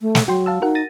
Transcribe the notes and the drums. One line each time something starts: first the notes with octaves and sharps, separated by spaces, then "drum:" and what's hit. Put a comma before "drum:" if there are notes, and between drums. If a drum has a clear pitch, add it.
A3
drum: snare
F#3 F#4 G5 C6
F5 A5 E6
D#4 F#4 A#4 F#5
A6 A#6 D#7